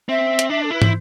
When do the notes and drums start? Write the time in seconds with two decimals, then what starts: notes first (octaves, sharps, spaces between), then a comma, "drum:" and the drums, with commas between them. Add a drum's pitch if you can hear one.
0.09 C4 E5
0.39 drum: hi-hat
0.50 D4 E5
0.63 A4
0.71 E4 B4
0.82 C5, drum: tom